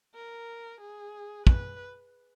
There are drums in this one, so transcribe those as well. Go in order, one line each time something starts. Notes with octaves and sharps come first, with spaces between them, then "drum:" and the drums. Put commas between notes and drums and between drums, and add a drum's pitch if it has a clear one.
A#4
G#4
B4, drum: kick